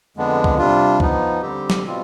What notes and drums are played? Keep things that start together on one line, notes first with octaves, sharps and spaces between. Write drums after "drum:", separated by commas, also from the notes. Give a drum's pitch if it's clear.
F2 D3 G#3 B3 D4
drum: kick
C3 G3 D4 F4
F3 B3 D#4, drum: kick
D3 G3 C4 G4
drum: snare
B2 G3 C4 F4